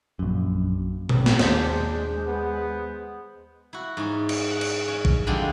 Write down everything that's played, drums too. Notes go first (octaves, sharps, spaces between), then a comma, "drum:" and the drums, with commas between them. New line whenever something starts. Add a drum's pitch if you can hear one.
A#1 F#2
G#1, drum: tom A#2
drum: snare
D#2 G#3 D4 C5 G6, drum: snare
B3
E4 F#4
G#2 C#4
drum: cymbal
F#5
drum: cymbal
C#4
drum: kick A#1
D3 F3 G3 G#3 C4 D4